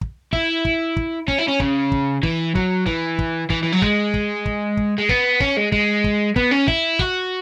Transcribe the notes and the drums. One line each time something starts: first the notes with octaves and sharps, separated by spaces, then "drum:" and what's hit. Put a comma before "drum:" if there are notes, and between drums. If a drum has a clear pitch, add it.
drum: kick
E4, drum: kick
drum: kick
drum: kick
C#4, drum: kick
E4
C#4
C#3, drum: kick
drum: kick
E3, drum: kick
F#3, drum: kick
E3, drum: kick
drum: kick
E3, drum: kick
E3
F#3
G#3, drum: kick
drum: kick
drum: kick
drum: kick
G#3
B3, drum: kick
C#4, drum: kick
G#3
G#3, drum: kick
drum: kick
B3, drum: kick
C#4
E4, drum: kick
F#4, drum: kick